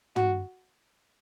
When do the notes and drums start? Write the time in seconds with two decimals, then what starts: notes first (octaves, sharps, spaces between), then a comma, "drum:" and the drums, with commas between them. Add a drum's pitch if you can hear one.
0.16 F#4, drum: tom